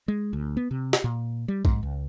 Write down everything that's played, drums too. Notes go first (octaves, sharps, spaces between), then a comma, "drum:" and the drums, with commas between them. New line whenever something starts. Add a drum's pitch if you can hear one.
G#3
D2
B3
C3
drum: snare
A#2
G3
G#2, drum: kick B1
C#2